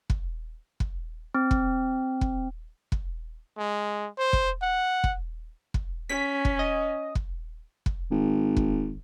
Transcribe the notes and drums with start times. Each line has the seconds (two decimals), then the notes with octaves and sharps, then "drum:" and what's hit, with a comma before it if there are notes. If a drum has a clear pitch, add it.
0.10 drum: kick
0.80 drum: kick
1.35 C4
1.51 drum: kick
2.21 drum: kick
2.92 drum: kick
3.59 G#3
4.18 C5
4.33 drum: kick
4.63 F#5
5.04 drum: kick
5.74 drum: kick
6.09 C#4 B6
6.45 drum: kick
6.59 D#5
7.15 drum: kick
7.86 drum: kick
8.11 G#1
8.57 drum: kick